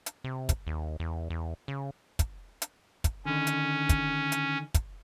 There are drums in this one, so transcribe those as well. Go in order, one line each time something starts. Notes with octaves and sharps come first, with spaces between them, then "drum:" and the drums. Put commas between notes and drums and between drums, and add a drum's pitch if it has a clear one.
drum: hi-hat
C3
drum: kick, hi-hat
D#2
E2
E2
C#3
drum: kick, hi-hat
drum: hi-hat
drum: kick, hi-hat
D3 D#3 C#4
drum: hi-hat
drum: kick, hi-hat
drum: hi-hat
drum: kick, hi-hat